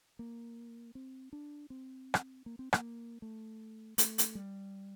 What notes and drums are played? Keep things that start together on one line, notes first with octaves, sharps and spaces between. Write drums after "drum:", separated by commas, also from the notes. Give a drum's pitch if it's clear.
A#3
C4
D4
C4
drum: rim click
A#3
C4
A#3, drum: rim click
A3
A3, drum: hi-hat
drum: hi-hat
G3